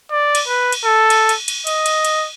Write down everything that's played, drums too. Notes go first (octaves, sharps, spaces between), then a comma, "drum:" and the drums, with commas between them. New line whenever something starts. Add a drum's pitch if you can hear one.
D5
drum: cymbal
B4
drum: cymbal
A4
drum: cymbal
drum: cymbal
drum: cymbal
D#5, drum: cymbal
drum: cymbal
drum: cymbal